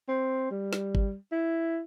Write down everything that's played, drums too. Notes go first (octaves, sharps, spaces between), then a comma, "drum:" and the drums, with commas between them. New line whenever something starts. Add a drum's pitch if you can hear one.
C4
G3
drum: snare
drum: kick G#1
E4